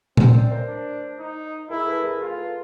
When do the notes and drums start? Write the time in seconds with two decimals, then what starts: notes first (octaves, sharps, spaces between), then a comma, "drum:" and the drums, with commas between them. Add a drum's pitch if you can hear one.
0.17 C4 A#4 C5, drum: tom A#2
0.35 C5 D5
0.51 A#4 C5
0.68 D4
1.19 D#4
1.70 E4 G#4 A#4
1.87 A4 B4
2.04 G#4 A#4
2.21 F4 G#4 A#4
2.38 A4 B4